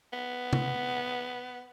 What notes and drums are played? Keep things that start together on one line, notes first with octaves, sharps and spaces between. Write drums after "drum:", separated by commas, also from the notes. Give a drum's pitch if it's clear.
B3
drum: tom